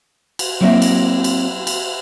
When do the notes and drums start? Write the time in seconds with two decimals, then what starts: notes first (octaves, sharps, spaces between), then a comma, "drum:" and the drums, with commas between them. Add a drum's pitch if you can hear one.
0.39 drum: cymbal
0.60 F#3 A#3 C4 E4 D#5 E5
0.82 drum: cymbal
1.24 drum: cymbal
1.67 drum: cymbal